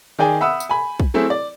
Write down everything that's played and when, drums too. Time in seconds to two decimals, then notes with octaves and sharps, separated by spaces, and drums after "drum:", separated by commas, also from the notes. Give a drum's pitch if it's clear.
0.18 D#3 G#4 D5 G5 G#5
0.41 E5 F#5 B5 D#6 E6
0.60 drum: tambourine
0.69 G#5 B5
1.00 drum: kick
1.14 F#3 A3 C4 E4 F#4 G#4
1.30 D5